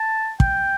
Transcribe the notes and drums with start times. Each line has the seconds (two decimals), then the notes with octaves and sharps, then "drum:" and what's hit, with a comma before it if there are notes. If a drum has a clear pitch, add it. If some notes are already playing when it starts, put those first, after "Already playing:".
Already playing: A5
0.40 G5, drum: kick